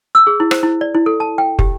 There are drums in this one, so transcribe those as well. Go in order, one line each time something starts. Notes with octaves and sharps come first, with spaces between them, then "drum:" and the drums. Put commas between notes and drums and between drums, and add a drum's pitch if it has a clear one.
E6
G#4
E4
C5, drum: rim click
E4
D5
E4
A4
A5
G5
G4, drum: kick